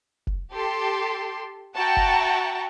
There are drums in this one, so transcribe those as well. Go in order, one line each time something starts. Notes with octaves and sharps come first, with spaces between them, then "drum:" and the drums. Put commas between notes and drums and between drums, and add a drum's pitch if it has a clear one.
drum: kick F1
G4 A4 C6
F#4 E5 F#5 G5 A5 A#5
drum: kick F1